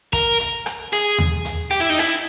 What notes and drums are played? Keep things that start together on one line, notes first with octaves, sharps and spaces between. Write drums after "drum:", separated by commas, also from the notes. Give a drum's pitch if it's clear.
A#4, drum: kick, hi-hat
drum: hi-hat
drum: rim click
G#4, drum: hi-hat
drum: tom D#2
drum: hi-hat
G4, drum: hi-hat
E4
D#4
E4, drum: rim click